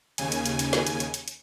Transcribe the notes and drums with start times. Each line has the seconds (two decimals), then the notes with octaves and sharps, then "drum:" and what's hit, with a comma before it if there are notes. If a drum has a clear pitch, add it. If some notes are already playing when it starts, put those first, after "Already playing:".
0.18 D#2 C#3 G#5, drum: hi-hat
0.32 drum: hi-hat
0.46 drum: hi-hat
0.59 drum: hi-hat
0.73 drum: snare
0.87 drum: hi-hat
1.00 drum: hi-hat
1.14 drum: hi-hat
1.28 drum: hi-hat